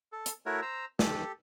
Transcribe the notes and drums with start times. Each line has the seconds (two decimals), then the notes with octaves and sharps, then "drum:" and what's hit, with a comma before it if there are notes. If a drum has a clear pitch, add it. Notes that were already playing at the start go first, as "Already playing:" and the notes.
0.12 A4
0.26 drum: hi-hat
0.46 A3 E4 F#4 A#4 C#5
0.62 C5 A#5 E6
0.99 G4 A4, drum: snare